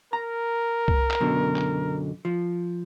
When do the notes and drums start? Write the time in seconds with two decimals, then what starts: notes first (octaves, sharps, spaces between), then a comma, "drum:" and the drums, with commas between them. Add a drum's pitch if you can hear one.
0.13 A#4 A#5
0.88 drum: kick C2
1.11 drum: clap
1.21 F#2 B2 D3
1.56 drum: clap
2.25 F3